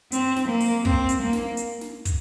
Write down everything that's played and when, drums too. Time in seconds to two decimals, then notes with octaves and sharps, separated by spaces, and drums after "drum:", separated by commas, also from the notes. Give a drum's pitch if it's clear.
0.12 C4, drum: hi-hat
0.36 drum: snare
0.48 A#3
0.60 drum: open hi-hat
0.85 C4, drum: kick
1.09 drum: hi-hat
1.21 A#3
1.33 drum: snare
1.57 drum: hi-hat
1.81 drum: snare
2.05 drum: kick, hi-hat